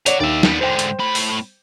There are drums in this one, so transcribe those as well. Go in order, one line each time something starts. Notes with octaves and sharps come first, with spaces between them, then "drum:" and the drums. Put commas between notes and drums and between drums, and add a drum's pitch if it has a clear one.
C#5 D5 F#5 A#5, drum: hi-hat
D#2 D5 E5
G3 B3, drum: snare
G#2 D3 C5 G5
drum: hi-hat
A2 B5
drum: open hi-hat